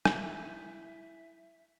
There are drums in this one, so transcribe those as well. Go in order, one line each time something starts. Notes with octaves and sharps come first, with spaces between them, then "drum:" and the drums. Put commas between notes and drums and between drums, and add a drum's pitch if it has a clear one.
E4 E5, drum: rim click